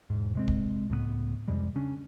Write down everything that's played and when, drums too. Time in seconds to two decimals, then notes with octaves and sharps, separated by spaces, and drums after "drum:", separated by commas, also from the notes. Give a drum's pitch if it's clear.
0.10 E1 G#2
0.35 C3 G#3 C4
0.48 drum: kick
0.90 C#2 A2 G#3 B3
1.48 F2 C3 G3 G#3
1.75 C#3 C#4 D4